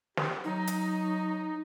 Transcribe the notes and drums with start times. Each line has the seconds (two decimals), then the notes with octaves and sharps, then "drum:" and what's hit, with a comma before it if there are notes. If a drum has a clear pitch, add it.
0.17 G4, drum: snare
0.44 F#3 D#4
0.67 drum: hi-hat